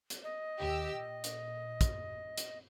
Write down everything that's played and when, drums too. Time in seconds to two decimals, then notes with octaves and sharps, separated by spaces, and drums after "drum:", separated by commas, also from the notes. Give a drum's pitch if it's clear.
0.10 drum: hi-hat
0.24 D#5
0.59 D#2 G4 E6
0.95 A#2
1.24 drum: hi-hat
1.81 drum: kick, hi-hat
2.38 drum: hi-hat